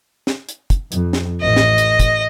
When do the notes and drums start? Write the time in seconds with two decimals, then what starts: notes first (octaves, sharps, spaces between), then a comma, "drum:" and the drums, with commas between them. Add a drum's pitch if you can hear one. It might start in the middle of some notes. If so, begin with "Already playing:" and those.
0.27 drum: snare
0.49 drum: hi-hat
0.70 drum: kick, hi-hat
0.92 F2, drum: hi-hat
1.13 drum: snare
1.42 A1 D#5
1.56 drum: snare
1.78 drum: hi-hat
2.00 drum: kick, hi-hat